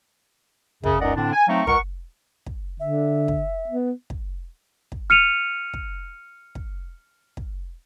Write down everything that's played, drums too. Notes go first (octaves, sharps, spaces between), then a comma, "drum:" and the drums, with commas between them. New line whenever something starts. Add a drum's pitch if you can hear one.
F#2 C#3, drum: kick
C#2 F#2 D#4 D5 D#5 F#5
A2 D3 C4 D4
G#5
F#3 A3 C4 D#4 F5 C#6
C#2 A#4 F#5 C#6, drum: kick
drum: kick
D3 E5
drum: kick
B3
drum: kick
drum: kick
F6 C#7 D#7 F7
drum: kick
drum: kick
drum: kick